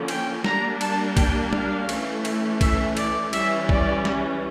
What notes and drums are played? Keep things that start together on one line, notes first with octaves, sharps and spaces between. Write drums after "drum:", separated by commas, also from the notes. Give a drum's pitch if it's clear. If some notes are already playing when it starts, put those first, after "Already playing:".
Already playing: D3 F3 A#3 C#4
G5, drum: cymbal
G3 A#3 D4 A#5, drum: snare
A5, drum: cymbal
G5, drum: kick B1, cymbal
F5, drum: tom
E3 A3 C#4, drum: cymbal
drum: cymbal
E5, drum: kick B1, cymbal
D5, drum: cymbal
E3 G3 C#4 E5, drum: cymbal
D5, drum: kick B1
drum: snare